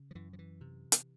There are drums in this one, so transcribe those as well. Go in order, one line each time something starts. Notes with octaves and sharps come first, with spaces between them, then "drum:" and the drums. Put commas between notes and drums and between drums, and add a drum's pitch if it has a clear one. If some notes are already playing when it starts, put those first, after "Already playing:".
Already playing: C#3
F3
F#2 E3
F3
E3
C3
drum: hi-hat